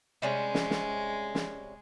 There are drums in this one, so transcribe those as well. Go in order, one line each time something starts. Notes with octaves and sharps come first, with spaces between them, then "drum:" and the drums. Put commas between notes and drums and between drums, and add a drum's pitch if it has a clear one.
C3 G3 G#3 C#4
drum: snare
drum: snare
drum: snare